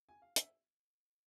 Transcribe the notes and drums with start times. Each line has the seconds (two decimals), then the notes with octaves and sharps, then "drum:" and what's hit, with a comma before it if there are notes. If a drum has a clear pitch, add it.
0.09 G#5
0.22 F5
0.36 E5, drum: hi-hat